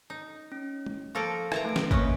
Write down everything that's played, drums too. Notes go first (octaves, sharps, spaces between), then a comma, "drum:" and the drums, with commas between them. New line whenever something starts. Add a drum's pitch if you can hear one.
D#4
C#4
drum: tom
F3 A#3 A4 C#6 A#6 D7
A#4 B4 E5 A5 A#5, drum: rim click
A3 D7
drum: snare
A#3 C#4 B4 D#5 C#6, drum: kick G#1